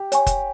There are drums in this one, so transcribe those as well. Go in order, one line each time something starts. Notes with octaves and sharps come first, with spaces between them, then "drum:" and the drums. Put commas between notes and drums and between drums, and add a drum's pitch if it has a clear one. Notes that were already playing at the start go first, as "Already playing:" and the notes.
Already playing: G4
C#5 G#5 C#6, drum: hi-hat
drum: kick F1, hi-hat